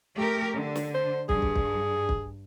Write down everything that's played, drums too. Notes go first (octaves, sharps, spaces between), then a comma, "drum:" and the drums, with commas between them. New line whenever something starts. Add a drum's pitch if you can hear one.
A3 G4 A#4
D3
drum: snare
C5
G2 G#4, drum: kick
drum: kick
drum: kick
drum: kick